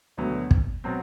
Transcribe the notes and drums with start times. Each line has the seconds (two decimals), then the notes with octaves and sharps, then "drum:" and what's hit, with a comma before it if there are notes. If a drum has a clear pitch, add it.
0.17 E1 D2 D3 F#3 B3
0.51 drum: kick
0.84 B2 F#3 C4